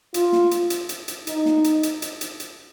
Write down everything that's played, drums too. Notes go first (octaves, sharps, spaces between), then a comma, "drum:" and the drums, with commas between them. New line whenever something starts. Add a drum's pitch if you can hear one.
F4, drum: hi-hat
drum: snare
drum: hi-hat
drum: hi-hat
drum: hi-hat
drum: hi-hat
D#4, drum: hi-hat
drum: snare
drum: hi-hat
drum: hi-hat
drum: hi-hat
drum: hi-hat
drum: hi-hat